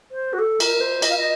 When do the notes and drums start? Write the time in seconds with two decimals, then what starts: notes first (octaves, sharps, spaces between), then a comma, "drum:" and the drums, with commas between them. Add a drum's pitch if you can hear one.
0.12 C5
0.33 F#4
0.39 A4
0.60 A#4, drum: cymbal
0.81 C5
1.02 D#5, drum: cymbal
1.10 F5
1.18 D#5